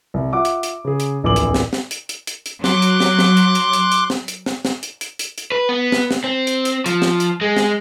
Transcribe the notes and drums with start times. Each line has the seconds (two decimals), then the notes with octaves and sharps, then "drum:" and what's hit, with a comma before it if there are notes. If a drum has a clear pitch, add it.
0.14 C2
0.33 F4 E5 F#5 D6
0.45 drum: hi-hat
0.63 drum: hi-hat
0.85 C#3 G#4
1.00 drum: hi-hat
1.23 D1 A#1 E2 D6 F#7
1.36 drum: hi-hat
1.54 drum: snare
1.73 drum: snare
1.91 drum: hi-hat
2.09 drum: hi-hat
2.27 drum: hi-hat
2.46 drum: hi-hat
2.64 F#3 C6 D6 F#6, drum: snare
2.82 drum: hi-hat
3.00 drum: snare
3.19 drum: snare
3.37 drum: hi-hat
3.55 drum: hi-hat
3.73 drum: hi-hat
3.92 drum: hi-hat
4.10 drum: snare
4.28 drum: hi-hat
4.46 drum: snare
4.65 drum: snare
4.83 drum: hi-hat
5.01 drum: hi-hat
5.19 drum: hi-hat
5.38 drum: hi-hat
5.52 B4
5.69 B3
5.92 drum: snare
6.11 drum: snare
6.24 C4
6.47 drum: hi-hat
6.65 drum: hi-hat
6.86 F3, drum: hi-hat
7.02 drum: snare
7.20 drum: hi-hat
7.41 G#3
7.57 drum: snare